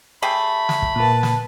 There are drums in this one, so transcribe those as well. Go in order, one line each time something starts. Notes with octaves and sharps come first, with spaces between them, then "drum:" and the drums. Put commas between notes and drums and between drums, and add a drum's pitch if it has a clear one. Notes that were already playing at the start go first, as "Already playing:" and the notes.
A3 G4 G#4 B5
drum: snare
drum: kick
A#2 A#3 B4 A5
drum: snare